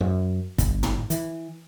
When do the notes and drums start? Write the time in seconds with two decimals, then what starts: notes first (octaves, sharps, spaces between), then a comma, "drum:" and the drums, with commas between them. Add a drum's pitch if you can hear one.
0.01 F#2
0.58 G1, drum: kick, hi-hat
0.83 drum: tom
1.10 E3, drum: hi-hat